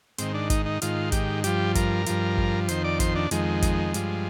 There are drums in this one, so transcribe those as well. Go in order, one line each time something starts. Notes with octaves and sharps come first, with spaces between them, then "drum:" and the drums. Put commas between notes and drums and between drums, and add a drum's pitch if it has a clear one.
G#2 D#3 C4, drum: hi-hat
D4
D#4, drum: kick, hi-hat
D#4
G#2 D#3 F4, drum: hi-hat
G4, drum: kick, hi-hat
G2 F3 G4, drum: hi-hat
A#4, drum: kick, hi-hat
G2 F3, drum: hi-hat
drum: kick
F2 D#3 C5, drum: hi-hat
D5
C5, drum: kick, hi-hat
D4
F2 D#3 G#3, drum: hi-hat
drum: kick, hi-hat
G2 F3, drum: hi-hat